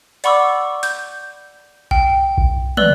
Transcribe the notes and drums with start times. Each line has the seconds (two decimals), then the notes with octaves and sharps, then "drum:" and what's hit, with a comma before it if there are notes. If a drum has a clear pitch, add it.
0.24 D5 F#5 B5 C#6 D6 E6, drum: hi-hat
0.83 G6, drum: hi-hat
1.91 G5, drum: kick A#1
2.38 drum: kick A#1
2.77 B4 D5 E6 F#6 F#7 G7, drum: tom